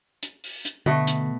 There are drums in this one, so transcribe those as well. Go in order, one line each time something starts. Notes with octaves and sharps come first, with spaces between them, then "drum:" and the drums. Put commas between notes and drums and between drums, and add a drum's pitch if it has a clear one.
drum: hi-hat
drum: open hi-hat
drum: hi-hat
B2 D3 A3
drum: hi-hat